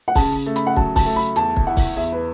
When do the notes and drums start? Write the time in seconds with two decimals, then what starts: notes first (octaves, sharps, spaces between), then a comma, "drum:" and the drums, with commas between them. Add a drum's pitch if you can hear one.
0.08 F#5
0.15 C#3 A5, drum: kick, open hi-hat
0.46 A3
0.56 B5, drum: hi-hat
0.67 F#5
0.76 F#3 A5, drum: kick
0.96 A5, drum: kick, open hi-hat
1.06 A3
1.16 B5
1.36 E2 A5, drum: hi-hat
1.57 drum: kick
1.67 E4 F#5
1.77 drum: kick, open hi-hat
1.96 E2 E5
2.12 B4